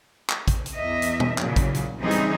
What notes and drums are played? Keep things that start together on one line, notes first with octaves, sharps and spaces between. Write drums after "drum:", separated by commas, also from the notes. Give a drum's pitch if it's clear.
drum: clap
drum: kick, hi-hat
drum: hi-hat
E2 D#5 E5
drum: hi-hat
drum: tom B2
A#2 C#3 E3 F#3, drum: clap
drum: kick, hi-hat
drum: hi-hat
E3 G3 C4 C#4 D#4 G#4
drum: hi-hat